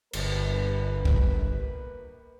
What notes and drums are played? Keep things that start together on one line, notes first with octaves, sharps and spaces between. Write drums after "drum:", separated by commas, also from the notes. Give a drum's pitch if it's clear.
G1 A#3 A#4 B4, drum: cymbal
drum: kick